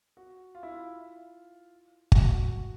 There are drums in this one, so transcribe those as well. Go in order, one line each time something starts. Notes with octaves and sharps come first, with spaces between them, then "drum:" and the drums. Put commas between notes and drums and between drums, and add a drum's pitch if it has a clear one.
F#4
F4
E4
F4
F#4, drum: kick G1